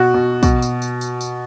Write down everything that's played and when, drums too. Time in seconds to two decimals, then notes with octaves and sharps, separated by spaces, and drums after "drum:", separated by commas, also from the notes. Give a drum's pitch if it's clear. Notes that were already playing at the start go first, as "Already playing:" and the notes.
Already playing: B2 F#4
0.14 B2
0.43 B2, drum: kick, tambourine
0.62 drum: tambourine
0.82 drum: tambourine
1.01 drum: tambourine
1.21 drum: tambourine